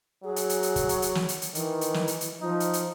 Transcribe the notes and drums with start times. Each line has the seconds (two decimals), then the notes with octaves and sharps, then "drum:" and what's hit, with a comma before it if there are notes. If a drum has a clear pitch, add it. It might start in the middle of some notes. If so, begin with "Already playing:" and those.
0.24 F#3 G#4
0.36 drum: hi-hat
0.49 drum: hi-hat
0.63 drum: hi-hat
0.76 drum: kick, hi-hat
0.89 drum: hi-hat
1.02 drum: hi-hat
1.15 drum: snare
1.28 drum: hi-hat
1.42 drum: hi-hat
1.55 D#3 E3, drum: hi-hat
1.81 drum: hi-hat
1.94 drum: snare
2.07 drum: hi-hat
2.21 drum: hi-hat
2.41 F3 D#4
2.60 drum: hi-hat
2.73 drum: hi-hat